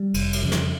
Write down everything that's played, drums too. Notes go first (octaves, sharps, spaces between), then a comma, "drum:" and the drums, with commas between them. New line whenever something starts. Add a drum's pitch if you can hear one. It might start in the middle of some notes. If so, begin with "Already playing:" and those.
Already playing: G3
F1, drum: cymbal
drum: cymbal
F2 C#3
drum: snare